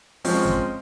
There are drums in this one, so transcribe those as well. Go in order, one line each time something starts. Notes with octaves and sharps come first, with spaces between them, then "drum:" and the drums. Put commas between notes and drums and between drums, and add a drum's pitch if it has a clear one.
F3 G#3 C4 C#4, drum: open hi-hat
drum: kick